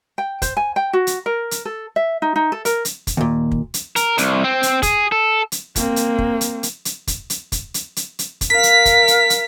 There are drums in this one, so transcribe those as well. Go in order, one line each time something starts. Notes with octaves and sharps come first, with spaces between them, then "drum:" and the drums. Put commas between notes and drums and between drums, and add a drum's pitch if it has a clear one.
G5
C5, drum: kick, hi-hat
G#5
G5
F#4
drum: hi-hat
A#4
drum: hi-hat
A4
E5
D#4
D#4
A4
A#4, drum: hi-hat
drum: hi-hat
drum: kick, hi-hat
D#2 A#2
drum: kick
drum: hi-hat
A#4, drum: hi-hat
C2, drum: hi-hat
C4
drum: hi-hat
G#4, drum: kick, hi-hat
A4
drum: hi-hat
A#3 C4, drum: kick, hi-hat
drum: hi-hat
drum: kick
drum: hi-hat
drum: hi-hat
drum: hi-hat
drum: kick, hi-hat
drum: hi-hat
drum: kick, hi-hat
drum: hi-hat
drum: hi-hat
drum: hi-hat
drum: kick, hi-hat
A#4 F5 B6
drum: hi-hat
drum: kick, hi-hat
drum: hi-hat
drum: hi-hat